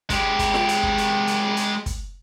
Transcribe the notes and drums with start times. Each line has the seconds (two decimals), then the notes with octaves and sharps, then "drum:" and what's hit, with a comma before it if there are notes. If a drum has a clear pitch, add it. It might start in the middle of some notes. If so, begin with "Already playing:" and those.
0.10 G#3 G4, drum: kick, hi-hat
0.39 drum: kick, hi-hat
0.54 drum: snare F4
0.69 drum: hi-hat
0.83 drum: kick
0.98 drum: hi-hat
1.27 drum: hi-hat
1.57 drum: hi-hat
1.86 drum: kick, hi-hat